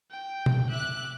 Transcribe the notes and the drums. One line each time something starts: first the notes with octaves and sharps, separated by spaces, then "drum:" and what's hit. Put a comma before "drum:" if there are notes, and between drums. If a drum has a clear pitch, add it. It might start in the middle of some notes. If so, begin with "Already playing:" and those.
G5
drum: tom
E5 D6 F#6